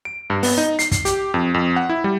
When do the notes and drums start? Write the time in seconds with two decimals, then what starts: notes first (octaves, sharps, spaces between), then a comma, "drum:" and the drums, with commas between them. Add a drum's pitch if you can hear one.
0.05 D7
0.30 G2
0.43 B3, drum: open hi-hat
0.58 D#4
0.79 C7, drum: hi-hat
0.92 drum: kick, hi-hat
1.05 G4, drum: hi-hat
1.34 F2
1.54 F2
1.76 F#5
1.89 E4
2.04 G3